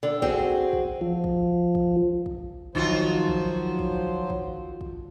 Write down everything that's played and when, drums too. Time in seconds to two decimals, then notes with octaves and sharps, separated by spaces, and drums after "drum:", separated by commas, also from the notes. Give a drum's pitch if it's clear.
0.03 D3
0.22 C4 F#4 G#4, drum: kick
0.73 drum: kick
1.01 F3
1.24 drum: kick
1.75 drum: kick
2.26 drum: kick
2.75 D#3 F3 F#3 F4 F#4 C5, drum: kick
3.28 drum: kick
3.79 drum: kick
4.30 drum: kick
4.81 drum: kick